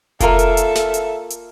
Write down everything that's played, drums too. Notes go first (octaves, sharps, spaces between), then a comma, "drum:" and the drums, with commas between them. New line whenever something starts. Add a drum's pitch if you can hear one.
A#3 F4 A4 A#4 E5, drum: kick F1, hi-hat
drum: hi-hat
drum: hi-hat
drum: snare
drum: hi-hat
drum: hi-hat